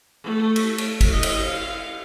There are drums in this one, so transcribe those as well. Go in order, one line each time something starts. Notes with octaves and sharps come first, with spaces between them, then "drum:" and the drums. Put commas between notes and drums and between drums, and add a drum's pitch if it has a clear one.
A3
drum: cymbal
drum: cymbal
drum: kick G#1, cymbal
D#5
drum: cymbal
F5